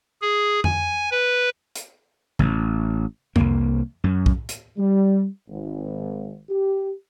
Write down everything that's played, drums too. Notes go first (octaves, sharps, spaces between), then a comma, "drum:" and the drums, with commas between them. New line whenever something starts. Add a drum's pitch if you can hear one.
G#4
G#5, drum: tom F2
B4
drum: hi-hat
A1, drum: tom C#3
C2 A#3, drum: tom F2
F#2
drum: kick
drum: hi-hat
G3
G#1
G4